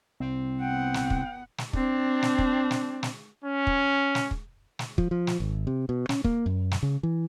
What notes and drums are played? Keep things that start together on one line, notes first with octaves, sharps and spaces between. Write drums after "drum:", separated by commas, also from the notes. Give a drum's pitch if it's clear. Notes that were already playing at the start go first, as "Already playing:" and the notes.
C2 C4
B3 F#5 G5
drum: snare
drum: kick
drum: snare
C4 D4, drum: kick
drum: snare
drum: kick
drum: snare
drum: snare
C#4
drum: kick
drum: snare
drum: kick
drum: snare
F3, drum: kick
F3
drum: snare
G#1
C3
B2
C#4, drum: snare
A#3, drum: kick
F#2
drum: snare
C#3
E3